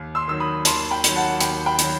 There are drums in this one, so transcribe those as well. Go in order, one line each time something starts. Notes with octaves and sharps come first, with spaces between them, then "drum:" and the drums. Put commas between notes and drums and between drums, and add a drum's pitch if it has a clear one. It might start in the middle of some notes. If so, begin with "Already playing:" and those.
Already playing: D#2
C6 E6
D#3 F#3 E6
B5 D#6
D#2 A5 C6, drum: hi-hat
G5 B5
D#3 F#3, drum: hi-hat
F#5 A5
D#2 G5 B5, drum: hi-hat
G5 B5
D#3 F#3, drum: hi-hat